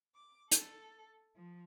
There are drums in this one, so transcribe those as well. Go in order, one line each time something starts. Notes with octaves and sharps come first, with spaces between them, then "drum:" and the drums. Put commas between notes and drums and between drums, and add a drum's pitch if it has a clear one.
D6
A4, drum: hi-hat
F3